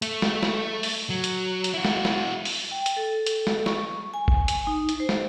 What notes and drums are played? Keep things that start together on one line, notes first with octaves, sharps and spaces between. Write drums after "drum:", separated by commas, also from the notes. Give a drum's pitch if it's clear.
A3, drum: hi-hat
drum: snare
drum: snare
drum: open hi-hat
F#3
drum: hi-hat
drum: hi-hat
E4 F#4
drum: snare
drum: snare
drum: open hi-hat
G5
drum: hi-hat
A4
drum: hi-hat
drum: snare
C#6, drum: snare
G#5
drum: kick G1
drum: hi-hat
D#4
drum: hi-hat
C5
drum: snare